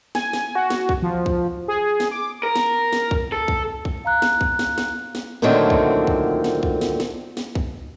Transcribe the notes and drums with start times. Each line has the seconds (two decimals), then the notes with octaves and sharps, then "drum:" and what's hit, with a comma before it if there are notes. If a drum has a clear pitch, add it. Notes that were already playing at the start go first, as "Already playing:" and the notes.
0.15 G#5, drum: snare
0.33 drum: snare
0.55 F#4
0.70 drum: snare
0.89 drum: kick
1.02 F3
1.26 drum: kick
1.68 G#4
2.00 drum: snare
2.11 D6
2.43 A#4
2.56 drum: snare
2.93 drum: snare
3.11 drum: kick
3.32 A4
3.48 drum: kick
3.85 drum: kick
4.05 F5 A#5 F#6
4.22 drum: snare
4.41 drum: kick
4.59 drum: snare
4.78 drum: snare
5.15 drum: snare
5.42 A#2 D3 D#3 F#3 A3 C4
5.70 drum: kick
6.07 drum: kick
6.44 drum: snare
6.63 drum: kick
6.81 drum: snare
7.00 drum: snare
7.37 drum: snare
7.55 drum: kick